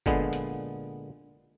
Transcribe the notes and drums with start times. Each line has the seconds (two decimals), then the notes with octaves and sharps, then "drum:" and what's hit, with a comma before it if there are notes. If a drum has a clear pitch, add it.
0.06 A#2 D3 G#3 B3, drum: kick F#1
0.33 drum: hi-hat